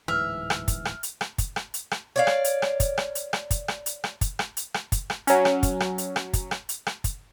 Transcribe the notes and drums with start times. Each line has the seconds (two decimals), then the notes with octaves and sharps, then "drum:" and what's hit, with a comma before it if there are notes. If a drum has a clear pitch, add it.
0.08 D1 G#2 E3 E5 F6
0.50 drum: rim click
0.68 drum: kick, hi-hat
0.85 drum: rim click
1.03 drum: hi-hat
1.21 drum: rim click
1.38 drum: kick, hi-hat
1.56 drum: rim click
1.74 drum: hi-hat
1.91 drum: rim click
2.16 C#5 D5 F5
2.27 drum: rim click
2.44 drum: hi-hat
2.62 drum: rim click
2.80 drum: kick, hi-hat
2.98 drum: rim click
3.15 drum: hi-hat
3.33 drum: rim click
3.51 drum: kick, hi-hat
3.68 drum: rim click
3.86 drum: hi-hat
4.04 drum: rim click
4.21 drum: kick, hi-hat
4.39 drum: rim click
4.57 drum: hi-hat
4.74 drum: rim click
4.92 drum: kick, hi-hat
5.10 drum: rim click
5.27 F#3 C#4, drum: hi-hat
5.45 drum: rim click
5.63 drum: kick, hi-hat
5.80 drum: rim click
5.98 drum: hi-hat
6.16 drum: rim click
6.33 drum: kick, hi-hat
6.51 drum: rim click
6.69 drum: hi-hat
6.86 drum: rim click
7.04 drum: kick, hi-hat